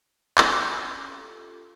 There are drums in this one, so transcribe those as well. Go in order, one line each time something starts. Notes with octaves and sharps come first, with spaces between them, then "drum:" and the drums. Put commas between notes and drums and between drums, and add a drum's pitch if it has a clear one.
C#4 F4 G4 A4, drum: clap